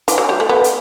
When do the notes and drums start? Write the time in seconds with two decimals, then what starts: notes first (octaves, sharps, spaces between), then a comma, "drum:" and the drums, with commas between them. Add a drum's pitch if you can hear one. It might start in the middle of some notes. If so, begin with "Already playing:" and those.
0.08 E3, drum: hi-hat
0.18 F#3
0.29 G3
0.40 A3
0.49 B3
0.64 drum: hi-hat